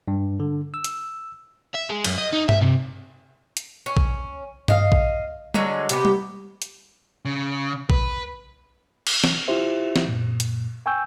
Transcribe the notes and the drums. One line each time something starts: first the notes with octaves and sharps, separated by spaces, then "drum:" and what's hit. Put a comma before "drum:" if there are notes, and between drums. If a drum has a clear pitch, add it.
G2
D3
E6
drum: hi-hat
E5
G#3
F#2, drum: cymbal
D#5
D#4
E5, drum: tom G2
C3
drum: hi-hat
C#4
drum: kick A#1
D#5 F5, drum: tom G2
drum: kick A#1
D3 F#3 G#3 C#4, drum: tom G3
C3 B3 G4, drum: hi-hat
drum: tom G3
drum: hi-hat
C#3
B4, drum: kick A#1
drum: cymbal
drum: snare
E4 F4 G4 C5 E5
drum: snare
F#2 A#2
drum: hi-hat
G5 G#5 C#6 E6 G6